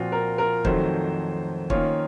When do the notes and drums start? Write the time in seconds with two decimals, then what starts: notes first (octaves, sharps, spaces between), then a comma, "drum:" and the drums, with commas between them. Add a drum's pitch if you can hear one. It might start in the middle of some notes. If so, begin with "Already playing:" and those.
Already playing: A#2 F3 C4 F4 F#4
0.12 A#4
0.38 A#4
0.65 F2 D#3 F#3 A3 C5, drum: kick
1.70 D#3 A#3 C#4 F4 C#5, drum: kick